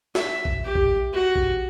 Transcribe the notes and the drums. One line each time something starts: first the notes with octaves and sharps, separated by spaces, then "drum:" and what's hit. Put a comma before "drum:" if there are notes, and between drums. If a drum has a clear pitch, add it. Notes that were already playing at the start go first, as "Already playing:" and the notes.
E5, drum: snare
drum: kick A1
G4
drum: kick A1
F#4
drum: kick A1